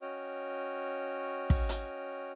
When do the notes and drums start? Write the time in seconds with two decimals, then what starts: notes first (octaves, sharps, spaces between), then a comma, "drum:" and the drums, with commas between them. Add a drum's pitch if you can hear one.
0.02 C#4 F#4 C#5 D#5 G5 F6
1.50 drum: kick
1.69 drum: hi-hat